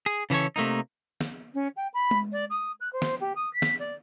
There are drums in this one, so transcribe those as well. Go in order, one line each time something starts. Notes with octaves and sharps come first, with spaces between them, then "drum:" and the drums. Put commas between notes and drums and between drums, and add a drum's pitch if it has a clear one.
G#4
C#3 E3 C#4 A4 C#5
C3 A3 A#3 D#4
drum: snare
C#4
G5
B5
drum: tom G#3
D5
D#6
F#6
C5
drum: snare
G4
D#6
B6
drum: snare
D5